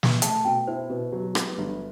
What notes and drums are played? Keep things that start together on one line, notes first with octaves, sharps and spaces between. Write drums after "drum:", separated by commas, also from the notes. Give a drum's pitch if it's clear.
drum: snare
A3 A5, drum: hi-hat
B2 G5
E4 C5
B2 B4
F#3 G4
B3, drum: rim click
G1